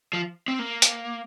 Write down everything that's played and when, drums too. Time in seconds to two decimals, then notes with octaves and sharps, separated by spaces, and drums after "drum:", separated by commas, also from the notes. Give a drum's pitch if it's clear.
0.13 F3
0.48 C4
0.59 A#3
0.82 drum: hi-hat